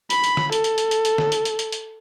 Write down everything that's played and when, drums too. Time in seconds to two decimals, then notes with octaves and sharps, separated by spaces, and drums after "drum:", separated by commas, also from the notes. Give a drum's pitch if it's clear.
0.10 B5, drum: hi-hat
0.24 drum: hi-hat
0.37 drum: snare
0.52 A4, drum: hi-hat
0.64 drum: hi-hat
0.78 drum: hi-hat
0.91 drum: hi-hat
1.05 drum: hi-hat
1.18 drum: snare
1.32 drum: hi-hat
1.45 drum: hi-hat
1.59 drum: hi-hat
1.72 drum: hi-hat